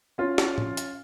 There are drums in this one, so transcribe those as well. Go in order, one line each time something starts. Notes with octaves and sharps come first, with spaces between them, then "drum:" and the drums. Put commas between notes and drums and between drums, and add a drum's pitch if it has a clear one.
C#4 F4
drum: snare
drum: tom A2
drum: hi-hat